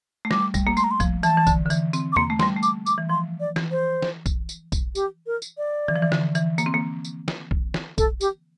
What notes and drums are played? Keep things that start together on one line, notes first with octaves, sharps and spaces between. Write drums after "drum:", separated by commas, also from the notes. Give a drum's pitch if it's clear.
A3
G3 D6, drum: snare
G3, drum: kick A#1, tambourine
A#3
A3 C6, drum: tambourine
A#5
C6
F3, drum: kick A#1, tambourine
E3 A5, drum: tambourine
E3
D3, drum: kick A#1, tambourine
D3
E3, drum: tambourine
C4, drum: tambourine
D6
A#3 C6, drum: tom E2
A3
C6, drum: snare
G3
A3
D6, drum: tambourine
D6, drum: tambourine
E3
F3 C6
D5
E3, drum: snare
C5
drum: snare
drum: kick A#1, tambourine
drum: tambourine
drum: kick A#1, tambourine
G4, drum: tambourine
A#4
drum: tambourine
D5
E3, drum: tom D3
F3
E3
D3, drum: snare
E3, drum: tambourine
A#3, drum: tambourine
C4
A#3
drum: tambourine
drum: snare
drum: kick A#1
drum: snare
A4, drum: kick A#1, tambourine
G4, drum: tambourine